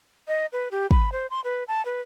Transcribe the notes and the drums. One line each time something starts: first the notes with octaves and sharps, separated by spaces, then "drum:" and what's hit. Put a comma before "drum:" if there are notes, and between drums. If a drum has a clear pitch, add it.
D#5
B4
G4
B5, drum: kick
C5
C6
B4
A5
B4